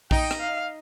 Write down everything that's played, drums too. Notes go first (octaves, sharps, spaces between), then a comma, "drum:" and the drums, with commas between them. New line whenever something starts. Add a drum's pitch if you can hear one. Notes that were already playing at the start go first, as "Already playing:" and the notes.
D#4 G5, drum: kick
drum: rim click
F5